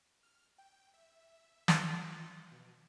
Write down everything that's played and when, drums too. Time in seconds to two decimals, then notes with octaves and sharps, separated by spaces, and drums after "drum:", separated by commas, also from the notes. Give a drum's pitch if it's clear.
0.23 F6
0.58 G5
0.94 E5
1.68 F3, drum: snare
2.51 B2